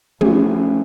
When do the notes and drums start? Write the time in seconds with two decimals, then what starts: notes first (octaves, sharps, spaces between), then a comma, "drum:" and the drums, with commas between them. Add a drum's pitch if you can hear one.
0.21 F3 A3 C#4, drum: tom